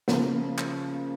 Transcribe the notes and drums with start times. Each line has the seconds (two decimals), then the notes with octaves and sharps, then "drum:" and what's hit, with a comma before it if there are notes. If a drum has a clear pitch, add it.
0.08 C#3 F3 A#3, drum: snare
0.58 drum: clap